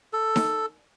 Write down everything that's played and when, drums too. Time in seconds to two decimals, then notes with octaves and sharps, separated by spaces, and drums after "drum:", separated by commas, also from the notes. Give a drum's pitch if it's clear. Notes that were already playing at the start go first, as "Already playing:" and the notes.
0.13 A4
0.36 drum: snare D#4